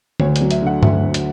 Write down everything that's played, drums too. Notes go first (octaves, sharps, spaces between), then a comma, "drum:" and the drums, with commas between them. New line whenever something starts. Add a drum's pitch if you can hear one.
D2 C#5, drum: tom D3
D5, drum: hi-hat
F#3
E5, drum: hi-hat
D3 F#5
D2 E5, drum: tom G2
D2
drum: hi-hat